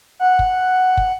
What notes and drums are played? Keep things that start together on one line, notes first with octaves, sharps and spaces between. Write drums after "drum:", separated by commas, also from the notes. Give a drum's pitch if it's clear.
F#5
drum: kick
drum: kick